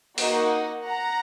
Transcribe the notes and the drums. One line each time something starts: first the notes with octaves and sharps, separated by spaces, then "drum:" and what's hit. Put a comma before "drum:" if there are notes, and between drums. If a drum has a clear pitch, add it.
A#3 D#4 F#4 D#5 F#5, drum: open hi-hat
F#5 A#5